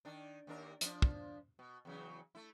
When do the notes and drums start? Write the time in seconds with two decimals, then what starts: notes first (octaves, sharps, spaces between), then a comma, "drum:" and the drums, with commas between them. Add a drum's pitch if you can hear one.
0.05 D#3 D4
0.47 D#2 D4 A#4
0.81 F3 D4, drum: hi-hat
1.02 drum: kick
1.59 B2
1.85 E2 C#3 F#3
2.35 A3 E4